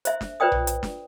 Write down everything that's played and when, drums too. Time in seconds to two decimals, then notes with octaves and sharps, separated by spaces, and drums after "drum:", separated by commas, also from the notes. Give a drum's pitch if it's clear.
0.05 C5 E5, drum: hi-hat
0.21 drum: snare
0.40 F4 B4 C5 D5 G5 D#6
0.52 drum: tom B1
0.67 drum: hi-hat
0.83 drum: snare